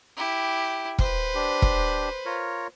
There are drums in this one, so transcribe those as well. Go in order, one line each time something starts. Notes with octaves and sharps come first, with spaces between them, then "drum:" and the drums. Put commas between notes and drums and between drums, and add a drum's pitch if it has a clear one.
E4 G4
B4 C5, drum: kick E1
D4 G4
drum: kick E1
F4 A#4 C#5